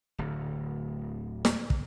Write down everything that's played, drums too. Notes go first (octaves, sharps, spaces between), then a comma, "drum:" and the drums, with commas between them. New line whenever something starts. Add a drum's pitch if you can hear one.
D1 D2
drum: snare
drum: kick